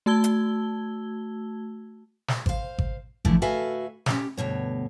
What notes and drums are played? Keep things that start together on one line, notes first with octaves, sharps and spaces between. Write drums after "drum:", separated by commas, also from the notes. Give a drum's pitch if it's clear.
A3 F#4 A5 E6 G#6 G7
drum: hi-hat
drum: snare
C5 F5, drum: kick G#1
drum: kick G#1
D3 E3 F3 A3 E4, drum: kick G#1
F#4 A4 B4 E5 F5 G#5
C#4 G4, drum: snare
D2 G2 B2 C#5